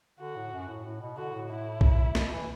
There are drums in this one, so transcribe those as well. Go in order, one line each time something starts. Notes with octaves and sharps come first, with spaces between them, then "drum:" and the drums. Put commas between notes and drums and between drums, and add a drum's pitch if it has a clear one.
D3 F#4
A2
F#2
A2
A2
B2
D3 F#4
A2
E4
drum: kick B1
B2, drum: snare
E3